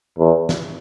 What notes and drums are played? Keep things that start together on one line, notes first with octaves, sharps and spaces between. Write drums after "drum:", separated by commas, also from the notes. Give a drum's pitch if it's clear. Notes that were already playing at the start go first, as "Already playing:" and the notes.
E2
drum: snare